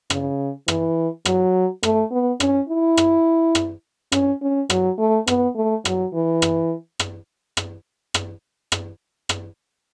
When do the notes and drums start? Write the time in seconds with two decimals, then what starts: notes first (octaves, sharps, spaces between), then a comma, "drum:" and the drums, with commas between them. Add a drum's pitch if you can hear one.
0.10 C#3, drum: rim click
0.68 E3, drum: rim click
1.25 F#3, drum: rim click
1.83 A3, drum: rim click
2.11 B3
2.40 C#4, drum: rim click
2.69 E4
2.97 drum: rim click
3.55 drum: rim click
4.12 C#4, drum: rim click
4.42 C#4
4.70 F#3, drum: rim click
4.98 A3
5.27 B3, drum: rim click
5.55 A3
5.85 F#3, drum: rim click
6.13 E3
6.42 drum: rim click
6.99 drum: rim click
7.57 drum: rim click
8.14 drum: rim click
8.72 drum: rim click
9.29 drum: rim click